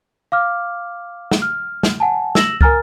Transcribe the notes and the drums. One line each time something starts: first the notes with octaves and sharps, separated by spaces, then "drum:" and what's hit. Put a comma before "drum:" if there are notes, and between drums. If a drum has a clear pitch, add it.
F5 D6 F6
drum: snare
F6
drum: snare
F#5 G#5 A5
E6 A#6 E7 F#7, drum: snare
A#4 G#5 A#5 F6 A6, drum: kick